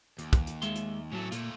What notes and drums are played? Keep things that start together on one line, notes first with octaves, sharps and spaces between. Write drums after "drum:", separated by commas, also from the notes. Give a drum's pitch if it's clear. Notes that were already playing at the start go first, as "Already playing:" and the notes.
D#2, drum: hi-hat
drum: kick, hi-hat
drum: hi-hat
G#3 E5 C6, drum: hi-hat
drum: hi-hat
A2 F#3 A3 C#4 A4
A#2 A3 F4, drum: hi-hat